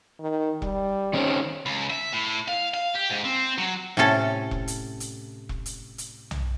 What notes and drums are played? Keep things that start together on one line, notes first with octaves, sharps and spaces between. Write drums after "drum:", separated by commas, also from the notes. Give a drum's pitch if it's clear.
D#3
G3, drum: kick E1
D#3 C4 C#4
C#2
E5
A2
F5
F5
G4
G#2
C4
F#3
A2 C3 C#4 A4
drum: kick E1
drum: hi-hat
drum: hi-hat
drum: kick E1
drum: hi-hat
drum: hi-hat
drum: tom B1